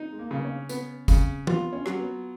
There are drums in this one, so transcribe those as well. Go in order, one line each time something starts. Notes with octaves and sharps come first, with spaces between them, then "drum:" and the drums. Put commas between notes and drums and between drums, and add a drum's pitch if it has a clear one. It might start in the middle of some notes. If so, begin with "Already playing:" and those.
Already playing: D#4
G#3
A#3
C#3
B3
C#4
B3, drum: tambourine
C#3, drum: kick, tambourine
B3 F4, drum: tom
C#4
F#3, drum: rim click
B3